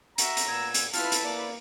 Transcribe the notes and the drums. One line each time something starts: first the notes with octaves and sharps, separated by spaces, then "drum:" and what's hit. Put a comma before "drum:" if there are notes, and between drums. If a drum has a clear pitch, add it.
F#4 E5 A#5, drum: hi-hat
drum: hi-hat
A#2 B3 E6 G#6
drum: hi-hat
E4 F4 B4 A5 F6, drum: hi-hat
drum: hi-hat
A#3 D5